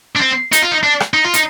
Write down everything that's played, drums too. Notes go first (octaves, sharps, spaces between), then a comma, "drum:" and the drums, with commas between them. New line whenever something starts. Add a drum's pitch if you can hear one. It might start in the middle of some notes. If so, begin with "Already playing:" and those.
D4
C4
D#4, drum: hi-hat
F4
D#4
D4
drum: rim click
D#4
F4
D#4, drum: hi-hat